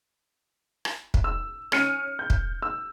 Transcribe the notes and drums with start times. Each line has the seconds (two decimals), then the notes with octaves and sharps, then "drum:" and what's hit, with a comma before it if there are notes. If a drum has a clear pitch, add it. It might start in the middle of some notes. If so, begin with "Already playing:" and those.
0.85 drum: rim click
1.14 drum: kick
1.24 E6
1.72 C#4 F6 C#7 D#7, drum: rim click
2.19 G6
2.30 drum: kick
2.62 E6